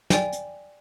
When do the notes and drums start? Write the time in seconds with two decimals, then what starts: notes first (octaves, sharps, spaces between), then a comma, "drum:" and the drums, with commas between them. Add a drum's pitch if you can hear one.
0.10 D5 G5 G#5, drum: snare
0.33 drum: hi-hat